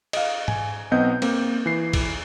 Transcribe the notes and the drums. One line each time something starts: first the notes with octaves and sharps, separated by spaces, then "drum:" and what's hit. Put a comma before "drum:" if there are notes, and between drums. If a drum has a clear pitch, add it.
D#5 F5, drum: cymbal
G#5, drum: tom G#2
B1 B3 C4 D#5 G6
A#3 C4, drum: cymbal
E3 C7
drum: kick B1, cymbal